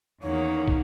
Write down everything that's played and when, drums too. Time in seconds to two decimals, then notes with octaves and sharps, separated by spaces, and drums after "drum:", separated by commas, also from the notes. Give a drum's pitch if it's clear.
0.23 E2 D#3 A#3 C#4 D#4 F#4 C#5
0.68 drum: kick